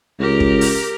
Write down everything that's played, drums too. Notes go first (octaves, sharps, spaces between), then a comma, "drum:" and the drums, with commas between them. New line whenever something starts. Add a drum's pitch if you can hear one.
C#2 G4 A#4
drum: kick
drum: open hi-hat